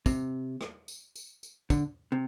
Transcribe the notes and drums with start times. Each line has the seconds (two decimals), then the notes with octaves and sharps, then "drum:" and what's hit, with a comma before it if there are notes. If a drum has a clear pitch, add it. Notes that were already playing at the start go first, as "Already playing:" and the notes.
0.06 C3, drum: kick, tambourine
0.61 drum: rim click
0.88 drum: tambourine
1.16 drum: tambourine
1.43 drum: tambourine
1.70 D3, drum: kick, tambourine
2.12 C3